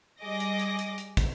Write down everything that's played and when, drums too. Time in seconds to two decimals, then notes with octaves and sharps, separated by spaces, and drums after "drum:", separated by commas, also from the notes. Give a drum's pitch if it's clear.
0.21 G3 G#4 D#5 D6 A#6
0.40 drum: hi-hat
0.59 drum: hi-hat
0.79 drum: hi-hat
0.98 drum: hi-hat
1.17 drum: kick, hi-hat